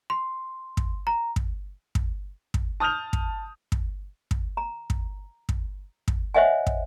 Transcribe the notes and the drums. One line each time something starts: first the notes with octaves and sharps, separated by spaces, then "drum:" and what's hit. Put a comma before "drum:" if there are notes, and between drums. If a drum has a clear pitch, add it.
C6
drum: kick
A#5
drum: kick
drum: kick
drum: kick
A5 D#6 F6 G6 F7
drum: kick
drum: kick
drum: kick
A#5
drum: kick
drum: kick
drum: kick
C5 C#5 D#5 E5 F#5 G#5
drum: kick